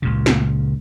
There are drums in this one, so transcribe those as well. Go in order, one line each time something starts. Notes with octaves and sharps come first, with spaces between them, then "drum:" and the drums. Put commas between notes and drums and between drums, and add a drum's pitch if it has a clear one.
C#2 A#2 C#3
drum: snare